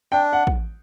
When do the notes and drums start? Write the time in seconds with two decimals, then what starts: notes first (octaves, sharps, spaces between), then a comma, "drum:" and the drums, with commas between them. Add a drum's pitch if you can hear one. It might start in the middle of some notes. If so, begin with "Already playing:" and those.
0.12 D4 G5
0.33 F#5
0.47 drum: kick